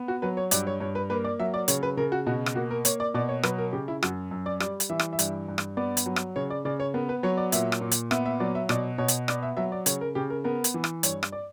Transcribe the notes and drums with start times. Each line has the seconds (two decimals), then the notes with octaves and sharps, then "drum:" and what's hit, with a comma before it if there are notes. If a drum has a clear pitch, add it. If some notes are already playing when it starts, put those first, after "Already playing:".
Already playing: B3
0.08 F#4
0.22 F#3 B4
0.37 C#5
0.51 G2 D5, drum: hi-hat
0.67 C#5
0.80 G2 C#5
0.95 B4
1.10 A#3 B4
1.24 D5
1.40 F#3 E5
1.54 D5
1.68 C#3 C#5, drum: hi-hat
1.83 B4
1.97 C#3 A#4
2.12 F#4
2.26 B2 F#4
2.46 drum: rim click
2.55 A#3 F#4
2.71 A#4
2.85 A#3 C#5, drum: hi-hat
3.00 D5
3.14 B2 D5
3.29 C#5
3.43 F#3 B4, drum: rim click
3.58 A#4
3.73 C#3 G4
3.88 E4
4.03 F#2 F#4, drum: rim click
4.31 F#2
4.46 D5
4.60 G3 D5, drum: rim click
4.80 drum: hi-hat
4.90 E3 E5
4.99 drum: rim click
5.13 E5
5.19 G2, drum: hi-hat
5.48 G2
5.58 drum: rim click
5.77 B3 D5
5.97 drum: hi-hat
6.06 F#3
6.16 drum: rim click
6.36 C#3 C#5
6.50 D5
6.65 C#3 D5
6.80 C#5
6.94 B3 A#4
7.09 B4
7.23 F#3 C#5
7.37 D5
7.52 A#2 E5, drum: hi-hat
7.72 drum: rim click
7.81 A#2
7.92 drum: hi-hat
8.11 B3 E5, drum: rim click
8.26 E5
8.40 F#3 D5
8.55 E5
8.69 B2 D5, drum: rim click
8.98 B2 C#5
9.08 drum: hi-hat
9.28 B3 D5, drum: rim click
9.43 E5
9.57 F#3 E5
9.72 D5
9.86 C#3 C#5, drum: hi-hat
10.01 A#4
10.15 C#3 G4
10.30 A#4
10.44 B3 A#4
10.64 drum: hi-hat
10.74 E3
10.84 drum: rim click
11.03 G2 C#5, drum: hi-hat
11.23 drum: rim click
11.32 D5